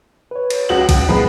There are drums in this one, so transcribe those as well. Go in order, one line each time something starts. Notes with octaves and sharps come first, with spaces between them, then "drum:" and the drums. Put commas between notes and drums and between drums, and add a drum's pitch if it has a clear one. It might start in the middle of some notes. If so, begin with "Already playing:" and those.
B4 C#5
drum: cymbal
C#2 F#4 F#7
drum: kick, cymbal
D#2 A2 F3 G#3 B3